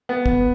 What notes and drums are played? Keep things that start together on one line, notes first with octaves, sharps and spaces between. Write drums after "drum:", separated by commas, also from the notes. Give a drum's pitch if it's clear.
B3
drum: kick